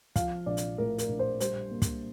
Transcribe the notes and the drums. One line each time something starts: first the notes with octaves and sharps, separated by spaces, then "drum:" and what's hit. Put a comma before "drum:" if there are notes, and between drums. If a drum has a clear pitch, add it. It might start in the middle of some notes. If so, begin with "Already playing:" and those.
F3 F5, drum: kick, hi-hat
A#1 D5
drum: hi-hat
A2 A#4
A#4, drum: hi-hat
A#1
C5
G3 C5, drum: hi-hat
A#3
drum: kick, hi-hat